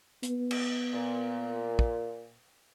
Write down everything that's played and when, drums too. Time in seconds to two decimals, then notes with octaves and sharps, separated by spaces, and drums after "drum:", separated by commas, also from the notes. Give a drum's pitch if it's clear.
0.23 B3, drum: hi-hat
0.51 drum: cymbal
0.93 A#2
1.79 drum: kick